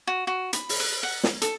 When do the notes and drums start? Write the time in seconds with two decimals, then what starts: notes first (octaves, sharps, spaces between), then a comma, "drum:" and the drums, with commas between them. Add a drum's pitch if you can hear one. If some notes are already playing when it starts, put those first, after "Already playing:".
0.07 F#4
0.27 F#4
0.53 B5, drum: hi-hat
0.69 drum: open hi-hat
0.80 B4
1.03 F#5
1.24 drum: snare
1.42 A4, drum: hi-hat